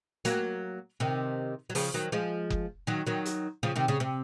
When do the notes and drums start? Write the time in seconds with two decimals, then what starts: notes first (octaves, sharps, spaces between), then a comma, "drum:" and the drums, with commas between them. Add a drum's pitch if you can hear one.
0.25 F#3 A#3, drum: hi-hat
1.00 C3 D#3
1.70 F#3
1.75 C#3 F3, drum: open hi-hat
1.94 D#3 F#3
2.12 F3 G#3
2.50 drum: kick F#1
2.87 D#3 F#3
3.07 D#3 F#3
3.25 drum: hi-hat
3.63 C#3 F3
3.76 C3 D#3
3.88 C#3
4.00 C3